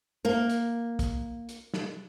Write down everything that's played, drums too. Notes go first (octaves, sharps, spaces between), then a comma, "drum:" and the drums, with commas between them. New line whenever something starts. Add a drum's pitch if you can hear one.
A#3 A#4
drum: hi-hat
drum: kick, hi-hat
drum: hi-hat
drum: snare